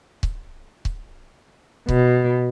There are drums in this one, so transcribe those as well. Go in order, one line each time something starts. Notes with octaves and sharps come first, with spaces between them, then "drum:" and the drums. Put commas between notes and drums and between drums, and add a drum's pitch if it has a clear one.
drum: kick C#1
drum: kick C#1
B2, drum: kick C#1